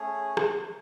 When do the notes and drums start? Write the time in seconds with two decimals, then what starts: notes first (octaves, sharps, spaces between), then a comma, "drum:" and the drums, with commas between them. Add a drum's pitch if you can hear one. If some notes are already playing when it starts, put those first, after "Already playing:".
Already playing: A3 C#4 G#4 C#5
0.37 drum: rim click